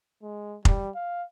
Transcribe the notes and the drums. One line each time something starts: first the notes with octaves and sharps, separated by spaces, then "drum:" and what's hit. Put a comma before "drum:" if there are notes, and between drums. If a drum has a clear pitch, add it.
G#3
G3, drum: kick F1
F5